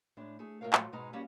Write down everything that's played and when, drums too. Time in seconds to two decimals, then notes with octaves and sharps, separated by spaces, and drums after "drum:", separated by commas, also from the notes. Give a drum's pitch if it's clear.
0.17 A2 G#3 D4
0.39 A3 G#4
0.61 D2 A2 B3 A#4 C#5 F5
0.73 A2 F3 F#3 G#3 A3, drum: clap
0.92 G#2 B2 G#3 D#4 B4 A#5
1.13 G3 A#3 C#4 F#4